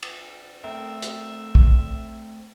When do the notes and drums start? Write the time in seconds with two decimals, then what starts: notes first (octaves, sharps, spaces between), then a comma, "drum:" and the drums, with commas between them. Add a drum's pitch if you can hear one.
0.03 drum: cymbal
0.64 A3 C4 A#4 E5
1.02 drum: hi-hat
1.55 drum: kick